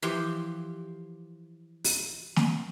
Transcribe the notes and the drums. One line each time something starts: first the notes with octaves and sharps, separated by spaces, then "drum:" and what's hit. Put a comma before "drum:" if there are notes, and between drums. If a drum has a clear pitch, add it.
E3 F3 G4 C5
drum: open hi-hat
drum: snare